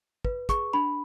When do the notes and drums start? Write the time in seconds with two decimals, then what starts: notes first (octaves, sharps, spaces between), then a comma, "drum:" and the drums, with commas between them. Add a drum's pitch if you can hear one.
0.25 B4, drum: kick
0.49 G#4 C#6, drum: kick, hi-hat
0.73 D4 B5